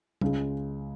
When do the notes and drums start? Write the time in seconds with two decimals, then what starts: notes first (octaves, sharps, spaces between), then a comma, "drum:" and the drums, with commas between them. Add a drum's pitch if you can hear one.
0.21 C#2 C#3 G#3, drum: tom G3